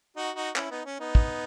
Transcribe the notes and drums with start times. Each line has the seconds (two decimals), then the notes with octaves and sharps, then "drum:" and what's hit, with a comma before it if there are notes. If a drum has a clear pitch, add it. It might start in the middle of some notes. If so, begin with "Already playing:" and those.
0.16 D#4 F#4
0.36 D#4 F#4
0.56 C#4 E4, drum: clap
0.71 B3 D#4
0.86 C#4
1.00 B3 D#4
1.15 drum: kick